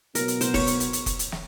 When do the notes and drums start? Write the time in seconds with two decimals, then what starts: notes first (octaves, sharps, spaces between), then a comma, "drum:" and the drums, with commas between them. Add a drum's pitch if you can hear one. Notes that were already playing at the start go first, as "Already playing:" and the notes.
0.15 B2 F#3 B3 A#4, drum: hi-hat
0.28 drum: hi-hat
0.41 C5, drum: hi-hat
0.54 C#5, drum: kick, open hi-hat
0.67 drum: hi-hat
0.80 drum: hi-hat
0.93 drum: hi-hat
1.06 drum: kick, hi-hat
1.19 drum: hi-hat
1.32 drum: snare